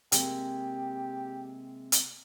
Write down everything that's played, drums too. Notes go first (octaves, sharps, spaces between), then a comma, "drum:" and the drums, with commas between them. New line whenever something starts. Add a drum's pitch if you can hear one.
C3 G#3 A#3 G4, drum: hi-hat
drum: hi-hat